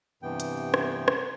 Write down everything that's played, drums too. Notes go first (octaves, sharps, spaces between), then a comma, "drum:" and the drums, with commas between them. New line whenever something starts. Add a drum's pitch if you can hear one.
G2 C3 E3 B3 G5
drum: hi-hat
drum: rim click
drum: rim click